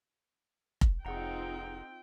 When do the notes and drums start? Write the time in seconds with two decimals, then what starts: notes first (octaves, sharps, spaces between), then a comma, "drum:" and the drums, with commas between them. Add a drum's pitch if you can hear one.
0.81 drum: kick F1
1.05 F1 C4 D#4 F4 G#4 F#5 G5 A#5